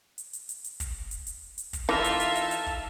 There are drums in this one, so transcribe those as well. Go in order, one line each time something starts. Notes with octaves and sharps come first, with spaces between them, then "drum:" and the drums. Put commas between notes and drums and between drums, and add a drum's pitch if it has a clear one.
drum: hi-hat
drum: hi-hat
drum: hi-hat
drum: hi-hat
drum: kick, hi-hat
drum: hi-hat
drum: hi-hat
drum: hi-hat
drum: kick, hi-hat
E3 D#4 F4 A4 E5 F5 A5
drum: hi-hat
drum: hi-hat
drum: hi-hat
drum: hi-hat
drum: kick